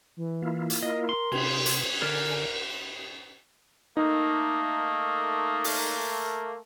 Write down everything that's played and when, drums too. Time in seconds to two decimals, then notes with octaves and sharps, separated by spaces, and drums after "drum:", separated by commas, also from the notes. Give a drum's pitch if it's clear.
0.17 E3
0.42 A#3 E4 F4
0.70 drum: hi-hat
0.83 A#4 D#5
1.09 C6
1.32 C3 G#6, drum: cymbal
1.66 drum: hi-hat
2.02 D3 A#4 D5 G#5
3.97 A3 A#3 D#4 D#6
5.64 drum: open hi-hat